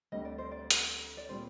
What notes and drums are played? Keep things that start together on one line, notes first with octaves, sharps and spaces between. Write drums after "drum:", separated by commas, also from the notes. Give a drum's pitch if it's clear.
D2 D3 G3 C4 G4 D#5
D5
C5
D5
drum: hi-hat
D5
A#2 G3 C4 G4 C5